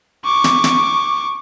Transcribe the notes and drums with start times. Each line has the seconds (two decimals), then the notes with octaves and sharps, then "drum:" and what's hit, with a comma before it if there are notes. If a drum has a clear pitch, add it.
0.25 C#6 D6
0.44 drum: snare
0.64 drum: snare